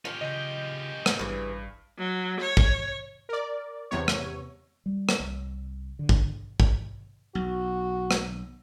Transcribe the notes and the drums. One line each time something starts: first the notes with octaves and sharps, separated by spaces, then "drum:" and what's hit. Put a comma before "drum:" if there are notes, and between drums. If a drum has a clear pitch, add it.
C#4 F4 G4
C#3 D#5 G6
drum: rim click
A1 G2 C#3 E3
F#3
C#5
drum: kick
A#4 D5
E2 C3 B3 C#5
drum: rim click
G3
drum: rim click
C2
D3
drum: kick
drum: kick
B1 F#4
drum: rim click